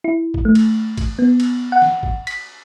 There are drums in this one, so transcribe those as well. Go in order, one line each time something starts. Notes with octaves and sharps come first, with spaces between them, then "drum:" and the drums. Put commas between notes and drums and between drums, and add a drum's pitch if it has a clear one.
E4
drum: kick G#1
A3
drum: cymbal
drum: kick G#1, cymbal
B3
drum: cymbal
F#5
drum: snare
drum: kick G#1
B6, drum: cymbal